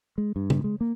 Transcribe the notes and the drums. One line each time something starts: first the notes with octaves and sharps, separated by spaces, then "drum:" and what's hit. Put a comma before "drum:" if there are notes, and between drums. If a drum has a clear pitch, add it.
G#3
G2
drum: tom C#3
G#3
A#3